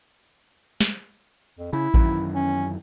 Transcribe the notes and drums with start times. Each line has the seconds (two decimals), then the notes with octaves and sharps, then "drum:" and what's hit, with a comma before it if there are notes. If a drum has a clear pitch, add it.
0.80 drum: snare
1.59 F2
1.73 C#3 E4
1.94 F#2 D#3 E3, drum: kick A1
2.35 C#4